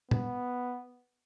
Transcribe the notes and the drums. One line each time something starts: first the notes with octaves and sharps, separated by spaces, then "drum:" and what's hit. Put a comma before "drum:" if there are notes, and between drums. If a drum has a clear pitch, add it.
B3, drum: tom A#2